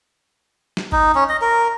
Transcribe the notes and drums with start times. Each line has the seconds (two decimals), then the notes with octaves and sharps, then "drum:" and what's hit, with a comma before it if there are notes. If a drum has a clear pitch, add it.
0.77 drum: snare
0.92 D#4, drum: kick G1
1.15 C#4
1.29 D#5
1.42 A#4